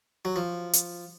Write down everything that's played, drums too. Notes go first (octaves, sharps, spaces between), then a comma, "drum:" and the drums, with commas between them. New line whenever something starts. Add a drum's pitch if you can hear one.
F#3
F3
drum: hi-hat